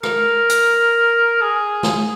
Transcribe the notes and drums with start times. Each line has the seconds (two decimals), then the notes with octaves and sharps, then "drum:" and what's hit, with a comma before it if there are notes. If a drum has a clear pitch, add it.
0.03 A#4, drum: rim click
0.50 drum: hi-hat
1.41 G#4
1.83 drum: snare